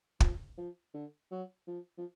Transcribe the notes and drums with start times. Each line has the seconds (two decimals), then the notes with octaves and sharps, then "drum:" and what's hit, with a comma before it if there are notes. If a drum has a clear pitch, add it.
0.20 F3, drum: kick
0.58 F3
0.94 D3
1.32 F#3
1.68 F3
1.98 F3